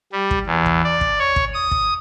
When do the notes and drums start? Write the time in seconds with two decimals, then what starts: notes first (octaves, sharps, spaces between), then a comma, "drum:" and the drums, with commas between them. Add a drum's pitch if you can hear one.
0.12 G3
0.31 drum: kick
0.46 E2
0.66 drum: kick
0.84 D5
1.01 drum: kick
1.19 C#5
1.36 drum: kick
1.54 D#6
1.71 drum: kick